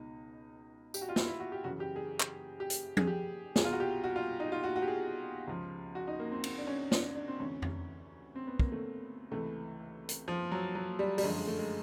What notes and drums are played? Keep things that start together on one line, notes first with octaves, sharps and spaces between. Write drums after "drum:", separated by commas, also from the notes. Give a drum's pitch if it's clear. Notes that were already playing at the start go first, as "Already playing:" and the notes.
Already playing: C#2 B2 D#4
G4, drum: tambourine
F#4
F4
E4, drum: snare
E4
F#4
G4
F#2 C#3 E3 F#4
G4
G#4
drum: clap
G4
drum: hi-hat
G#4, drum: tom F3
G4
C2 B2 G#4, drum: snare
F4
F#4
G4
F#4
F4
D#4
F4
F#4
F#4
G4
G#4
C#2 C#3 F3
F#4
D#4
A#3
C4
C4, drum: cymbal
D4
C#4
D4, drum: snare
D4
C4
D2 C3 E3 C#4
drum: tom E2
C4
B3
A#3, drum: kick
A3
C#2 C3 E3 A3
drum: hi-hat
F3
F#3
F#3
G3
G3, drum: open hi-hat
F#2 D3 F3 G#3
G#3
A3
G#3